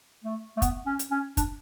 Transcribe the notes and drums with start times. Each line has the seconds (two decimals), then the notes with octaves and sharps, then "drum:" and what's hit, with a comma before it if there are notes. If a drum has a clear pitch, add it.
0.24 A3
0.57 A3
0.62 B3, drum: kick, hi-hat
0.86 C#4
0.99 drum: hi-hat
1.11 C#4
1.37 D4, drum: kick, hi-hat